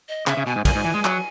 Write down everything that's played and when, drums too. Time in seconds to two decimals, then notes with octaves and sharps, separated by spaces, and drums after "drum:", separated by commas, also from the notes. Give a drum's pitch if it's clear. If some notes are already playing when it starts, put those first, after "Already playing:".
0.09 D#5
0.27 C#3 E5, drum: clap
0.37 C#3
0.46 B2 G#5
0.56 G#2
0.65 F#2 G#5, drum: kick A#1, cymbal
0.75 G#2
0.84 E3
0.94 G#3
1.05 F#3, drum: clap